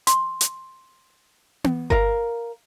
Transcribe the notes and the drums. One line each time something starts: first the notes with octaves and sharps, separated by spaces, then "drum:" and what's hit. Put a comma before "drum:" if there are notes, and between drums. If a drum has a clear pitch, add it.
C6, drum: hi-hat
drum: hi-hat
drum: tom B3
A#4 F5, drum: kick G1